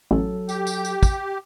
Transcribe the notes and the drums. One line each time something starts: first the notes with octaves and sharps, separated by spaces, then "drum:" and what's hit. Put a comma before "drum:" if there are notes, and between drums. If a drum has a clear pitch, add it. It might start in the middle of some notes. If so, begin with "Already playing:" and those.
A1 F#3 A4
G4, drum: tambourine
drum: tambourine
drum: tambourine
drum: kick, tambourine